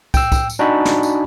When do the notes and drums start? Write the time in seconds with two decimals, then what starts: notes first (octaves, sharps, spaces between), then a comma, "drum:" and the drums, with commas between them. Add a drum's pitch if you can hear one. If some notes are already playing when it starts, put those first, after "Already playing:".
0.14 G5 E6, drum: kick, tambourine
0.32 drum: kick, tambourine
0.50 drum: tambourine
0.59 D4 D#4 F#4 G#5 B5
0.85 drum: snare
1.03 drum: tambourine